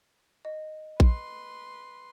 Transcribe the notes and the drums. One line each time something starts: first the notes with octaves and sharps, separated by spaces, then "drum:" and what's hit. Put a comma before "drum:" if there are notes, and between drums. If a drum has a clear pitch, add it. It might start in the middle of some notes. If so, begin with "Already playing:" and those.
D#5
B4 C6, drum: kick A#1